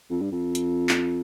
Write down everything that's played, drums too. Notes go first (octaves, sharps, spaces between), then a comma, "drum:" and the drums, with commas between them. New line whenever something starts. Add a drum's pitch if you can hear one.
F2
G2
F2
drum: hi-hat
drum: clap